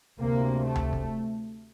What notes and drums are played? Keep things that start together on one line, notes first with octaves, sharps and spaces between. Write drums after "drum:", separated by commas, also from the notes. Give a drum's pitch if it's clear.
D2 C3 A#3
A3
drum: tom C#2
drum: kick